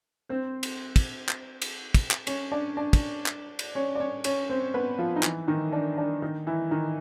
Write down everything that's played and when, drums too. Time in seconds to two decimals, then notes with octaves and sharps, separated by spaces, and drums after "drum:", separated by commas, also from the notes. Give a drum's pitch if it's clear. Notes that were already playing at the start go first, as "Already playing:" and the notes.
0.29 C4 C5
0.63 drum: cymbal
0.96 drum: kick, cymbal
1.29 drum: clap
1.62 drum: cymbal
1.94 drum: kick, cymbal
2.11 drum: clap
2.27 C#4 C#5, drum: cymbal
2.52 D4 D5
2.77 D4 D5
2.93 drum: kick, cymbal
3.26 drum: clap
3.59 drum: cymbal
3.75 C#4 C#5
3.95 D5
4.00 C#4 C#5
4.24 C#4 C#5, drum: cymbal
4.50 C4 C5
4.74 B3 B4
4.99 F3 F4
5.16 D#4
5.23 E3 E4, drum: clap
5.48 D#3 D#4
5.72 D4
5.98 D4
6.22 D#3 D#4
6.47 E3 E4
6.71 D#3 D#4